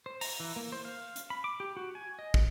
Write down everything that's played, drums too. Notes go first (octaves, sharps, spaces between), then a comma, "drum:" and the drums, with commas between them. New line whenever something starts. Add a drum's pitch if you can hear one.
C5
A#5, drum: open hi-hat
E3
A#3
C5
F5
drum: hi-hat
B5
D6
G4
F#4
G#5
D#5
drum: kick